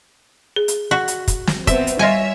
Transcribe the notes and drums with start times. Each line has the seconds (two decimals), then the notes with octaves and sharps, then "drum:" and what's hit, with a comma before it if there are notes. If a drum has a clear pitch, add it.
0.56 G#4
0.68 drum: hi-hat
0.91 F#4
1.08 drum: hi-hat
1.28 drum: kick, hi-hat
1.47 drum: snare
1.67 B3 C4 E5, drum: kick, hi-hat
1.87 drum: hi-hat
1.99 G3 F4 C#5 D#5 E5 G#5 A#6